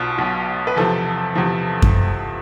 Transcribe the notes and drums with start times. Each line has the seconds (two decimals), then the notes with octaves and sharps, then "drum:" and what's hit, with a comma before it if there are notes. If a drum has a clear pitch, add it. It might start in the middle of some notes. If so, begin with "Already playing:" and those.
Already playing: B1 B2 F4
0.18 B1 B2
0.67 B4
0.76 E2 C3 F3 A4
1.35 E2 C3 F3
1.82 drum: kick F#2